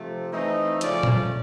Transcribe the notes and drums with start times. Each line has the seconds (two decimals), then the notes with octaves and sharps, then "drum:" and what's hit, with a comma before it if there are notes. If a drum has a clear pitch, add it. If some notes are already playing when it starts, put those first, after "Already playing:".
Already playing: C3 F3 A3
0.33 E3 A3 C4 D#4 D#5
0.81 C#3 F3 A3 C#4 D5, drum: hi-hat
1.03 drum: tom A#2